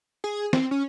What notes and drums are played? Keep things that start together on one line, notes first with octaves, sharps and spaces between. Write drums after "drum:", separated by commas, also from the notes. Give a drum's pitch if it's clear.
G#4
C4, drum: snare
C#4